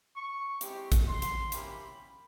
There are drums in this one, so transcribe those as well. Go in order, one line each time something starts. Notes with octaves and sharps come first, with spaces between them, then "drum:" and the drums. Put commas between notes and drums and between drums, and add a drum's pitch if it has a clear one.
C#6
G#3 C4 E4 G4, drum: hi-hat
drum: kick A1, hi-hat
C6
drum: hi-hat
A#3 C#4 E4 G4 B5, drum: hi-hat